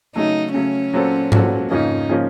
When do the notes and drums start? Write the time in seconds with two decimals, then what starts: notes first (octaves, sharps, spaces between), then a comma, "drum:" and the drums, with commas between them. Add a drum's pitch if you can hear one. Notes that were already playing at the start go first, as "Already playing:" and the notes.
0.15 C#3 F#3 A3 D#4
0.54 C#3 F#3 A3 C#4
0.93 A#2 F#3 C4 F#4 A4
1.32 A#2 F#3 C4 F#4 A4, drum: tom G#2
1.71 F2 C#3 F3 A#3 C#4 D#4
2.09 C#3 F3 A#3 C#4